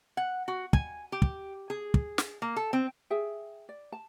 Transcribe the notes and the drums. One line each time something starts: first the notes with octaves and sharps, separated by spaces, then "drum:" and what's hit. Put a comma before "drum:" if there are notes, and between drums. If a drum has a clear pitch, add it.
F#5
F#4
G#5, drum: kick
G4
drum: kick
G#4
drum: kick
drum: snare
A#3
A4
C4
G#4 E5 G5
D5
A5